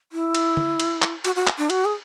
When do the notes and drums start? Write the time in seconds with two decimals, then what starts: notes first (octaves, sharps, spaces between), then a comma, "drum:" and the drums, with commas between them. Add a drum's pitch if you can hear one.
0.12 E4
0.35 drum: cymbal
0.57 drum: tom
0.80 drum: cymbal
1.02 drum: clap
1.24 F#4, drum: cymbal
1.36 F#4
1.47 drum: clap
1.58 D4
1.70 F#4, drum: cymbal
1.85 G#4